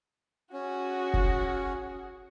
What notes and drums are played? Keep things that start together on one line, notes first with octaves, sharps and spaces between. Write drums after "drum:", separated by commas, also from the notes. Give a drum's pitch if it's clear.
C#4 F#4 G#4
drum: kick F1